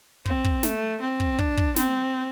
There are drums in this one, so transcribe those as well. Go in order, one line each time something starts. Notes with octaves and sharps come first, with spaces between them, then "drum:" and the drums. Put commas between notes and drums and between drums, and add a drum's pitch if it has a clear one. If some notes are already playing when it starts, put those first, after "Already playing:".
C4, drum: kick
drum: kick
A3, drum: snare
C4
drum: kick
D4, drum: kick
drum: kick
C4, drum: snare